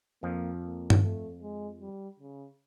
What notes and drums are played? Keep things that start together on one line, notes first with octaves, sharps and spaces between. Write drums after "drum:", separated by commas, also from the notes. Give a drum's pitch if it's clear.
F2 F3 A#3
A#3
drum: tom G2
A3
G#3
G3
C#3